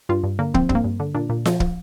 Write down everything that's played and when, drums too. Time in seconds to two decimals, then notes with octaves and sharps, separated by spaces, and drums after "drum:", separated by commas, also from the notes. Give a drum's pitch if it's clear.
0.09 G2 F4
0.24 G2
0.39 D3 A#3
0.54 F3 C4, drum: kick
0.69 G2 C4, drum: kick
0.75 A#3
0.84 G2
1.00 D3
1.15 A#2 D4
1.30 A#2
1.46 F3, drum: snare F4
1.60 F3, drum: kick